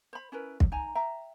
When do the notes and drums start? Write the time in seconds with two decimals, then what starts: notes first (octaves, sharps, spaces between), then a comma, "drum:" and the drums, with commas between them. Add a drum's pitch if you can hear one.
0.13 C5 B5
0.32 C#4 E4 A#4 B4
0.60 drum: kick
0.72 D#4 G#5 A#5
0.95 E5 G5 A#5